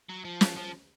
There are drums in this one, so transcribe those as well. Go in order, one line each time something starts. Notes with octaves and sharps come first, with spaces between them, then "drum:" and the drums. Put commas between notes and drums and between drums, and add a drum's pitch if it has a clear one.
F#3
F3
drum: snare
F3